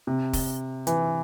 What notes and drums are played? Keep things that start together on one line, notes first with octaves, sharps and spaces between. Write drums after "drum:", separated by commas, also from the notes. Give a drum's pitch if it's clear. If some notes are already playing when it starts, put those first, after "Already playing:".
C3
drum: kick, open hi-hat
E3, drum: hi-hat